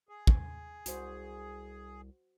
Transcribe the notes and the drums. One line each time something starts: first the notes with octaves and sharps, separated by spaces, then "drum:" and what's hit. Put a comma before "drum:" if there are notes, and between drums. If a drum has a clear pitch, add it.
G#4
drum: kick
C2 F#4 C5, drum: hi-hat